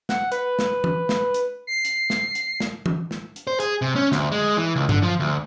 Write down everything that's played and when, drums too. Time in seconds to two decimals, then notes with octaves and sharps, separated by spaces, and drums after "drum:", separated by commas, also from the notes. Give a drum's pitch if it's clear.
0.09 F#5, drum: snare
0.32 B4, drum: hi-hat
0.59 drum: snare
0.84 drum: tom E3
1.09 drum: snare
1.34 drum: hi-hat
1.67 C7
1.85 drum: hi-hat
2.10 drum: snare
2.35 drum: hi-hat
2.60 drum: snare
2.86 drum: tom E3
3.11 drum: snare
3.36 drum: hi-hat
3.47 C5
3.60 G#4, drum: hi-hat
3.82 C3
3.96 C#4
4.12 D2, drum: snare
4.32 G#3
4.57 E3
4.76 C#2
4.89 D3, drum: tom G2
5.03 F3
5.20 D2